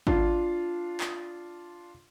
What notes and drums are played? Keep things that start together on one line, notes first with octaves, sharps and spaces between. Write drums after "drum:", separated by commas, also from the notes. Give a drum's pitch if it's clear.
D4 F4, drum: kick G#1
drum: clap